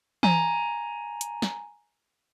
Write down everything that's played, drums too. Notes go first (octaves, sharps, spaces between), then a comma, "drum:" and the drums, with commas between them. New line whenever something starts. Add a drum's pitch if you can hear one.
G#5 A#5, drum: tom E3
drum: hi-hat
drum: snare